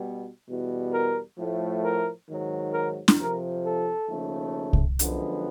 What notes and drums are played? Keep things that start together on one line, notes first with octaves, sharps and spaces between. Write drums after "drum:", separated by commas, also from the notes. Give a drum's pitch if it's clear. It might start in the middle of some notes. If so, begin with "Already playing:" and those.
Already playing: B2 G3 B3
E2 B2 G3
A#4
A2 F3 A3
A#4
G#2 D#3 F#3
A#4
drum: snare
F2 C3 F3 A#4
A4
D#2 C#3 F3 A3
drum: kick C2
F#2 D3 F3 G#3 B3, drum: hi-hat